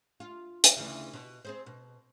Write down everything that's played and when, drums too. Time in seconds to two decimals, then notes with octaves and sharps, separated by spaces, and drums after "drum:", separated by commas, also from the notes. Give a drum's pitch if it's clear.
0.20 F4
0.64 drum: hi-hat
0.77 D2 C#3 E3
1.13 B2
1.45 C4 G#4 C5
1.66 B2